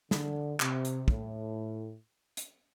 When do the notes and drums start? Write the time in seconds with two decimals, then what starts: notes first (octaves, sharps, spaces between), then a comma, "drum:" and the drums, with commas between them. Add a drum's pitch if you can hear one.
0.11 D3, drum: snare
0.60 C3, drum: clap
0.85 drum: hi-hat
1.08 A2, drum: kick
2.37 drum: hi-hat